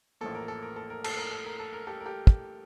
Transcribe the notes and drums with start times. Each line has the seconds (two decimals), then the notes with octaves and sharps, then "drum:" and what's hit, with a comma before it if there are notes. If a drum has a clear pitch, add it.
0.21 A1 A2 F3 A#3 A4
0.35 A#4
0.48 A4
0.62 A#4
0.76 A4
0.90 A#4
1.04 A4, drum: cymbal
1.17 A#4
1.31 A4
1.45 A#4
1.60 A4
1.73 A#4
1.87 G4 A4
2.00 A#4
2.06 G4 A4
2.27 drum: kick